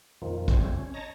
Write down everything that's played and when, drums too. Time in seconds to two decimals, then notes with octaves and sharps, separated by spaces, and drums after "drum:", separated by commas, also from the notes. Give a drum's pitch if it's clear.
0.22 F2 A#2 D#3 F3
0.48 F2 C#3 G3 A3 C4 C#4, drum: kick, hi-hat
0.78 C#4
0.94 C#5 D#5 A5 A#5 A#6